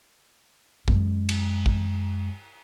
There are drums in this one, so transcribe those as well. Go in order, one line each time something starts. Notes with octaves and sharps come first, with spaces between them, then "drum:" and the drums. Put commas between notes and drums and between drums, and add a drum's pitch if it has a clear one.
F#2 G#3, drum: kick
drum: cymbal
drum: kick